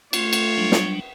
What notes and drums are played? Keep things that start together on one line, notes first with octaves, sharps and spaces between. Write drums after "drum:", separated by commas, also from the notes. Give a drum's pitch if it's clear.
A3 F4 C#5, drum: cymbal
drum: cymbal
F#3 G3 D4
drum: snare